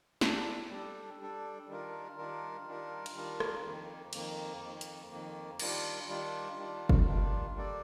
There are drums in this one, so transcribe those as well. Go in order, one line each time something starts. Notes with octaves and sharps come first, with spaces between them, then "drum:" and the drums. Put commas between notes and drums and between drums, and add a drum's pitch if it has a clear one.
G3 D4 A4, drum: snare
G3 D4 A4
G3 D4 A4
D#3 G3 D4 F4 A#4
D#3 G3 D4 F4 A#4
D#3 G3 D4 F4 A#4
drum: cymbal
D#3 G3 D4 F4 A#4
drum: rim click
F2 D#3 A#3
F2 D#3 A#3, drum: cymbal
F2 D#3 A#3
drum: hi-hat
F2 D#3 A#3
D#3 G3 D4 F4, drum: cymbal
D#3 G3 D4 F4
D#3 G3 D4 F4
drum: kick F#1
D#3 G3 D4 F4
G3 A#3 D4 A4 D5